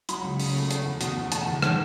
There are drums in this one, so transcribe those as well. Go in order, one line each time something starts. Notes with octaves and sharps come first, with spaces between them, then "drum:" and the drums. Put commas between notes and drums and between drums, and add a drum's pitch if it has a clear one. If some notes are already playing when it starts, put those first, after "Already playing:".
F#3 B5, drum: hi-hat
C#2
C#3, drum: open hi-hat
A3
A3, drum: hi-hat
E2
B2, drum: hi-hat
E2
A3 A5, drum: hi-hat
E2
D#3, drum: rim click